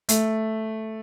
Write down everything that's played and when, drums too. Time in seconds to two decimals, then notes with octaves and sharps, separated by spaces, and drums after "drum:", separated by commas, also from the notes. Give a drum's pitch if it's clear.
0.09 A3, drum: hi-hat